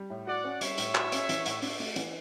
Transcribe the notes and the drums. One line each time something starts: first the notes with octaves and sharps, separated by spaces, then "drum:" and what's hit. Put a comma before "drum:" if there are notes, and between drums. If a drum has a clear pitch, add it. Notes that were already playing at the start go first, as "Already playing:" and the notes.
Already playing: G3
A2
F#4 D5 F#5
C#4
G3 C#5 E5, drum: hi-hat
A2, drum: hi-hat
F#4, drum: clap
C#4, drum: hi-hat
E3, drum: hi-hat
A2, drum: hi-hat
D4, drum: open hi-hat
A3, drum: open hi-hat
E3, drum: hi-hat